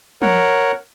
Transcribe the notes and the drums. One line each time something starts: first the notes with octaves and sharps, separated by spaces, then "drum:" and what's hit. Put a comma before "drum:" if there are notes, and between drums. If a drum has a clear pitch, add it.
A#4 C#5 F#5, drum: tom F3